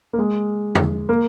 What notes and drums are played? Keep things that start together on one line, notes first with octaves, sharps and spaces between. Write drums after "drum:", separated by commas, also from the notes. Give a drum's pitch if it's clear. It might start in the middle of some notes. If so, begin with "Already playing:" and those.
A#3
G#3
drum: tom
A#3